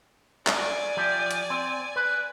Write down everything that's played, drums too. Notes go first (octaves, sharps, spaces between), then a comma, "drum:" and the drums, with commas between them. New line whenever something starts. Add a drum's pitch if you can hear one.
D5 G#5, drum: clap
F3 G4 E5
drum: hi-hat
C4
B4